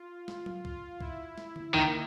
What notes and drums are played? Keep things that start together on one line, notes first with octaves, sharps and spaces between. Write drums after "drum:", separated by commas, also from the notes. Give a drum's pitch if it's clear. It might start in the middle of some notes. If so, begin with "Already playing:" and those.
Already playing: F4
drum: snare
drum: tom F#3
F4, drum: kick
E4, drum: kick
drum: snare
drum: tom D3
D#3 A#3, drum: kick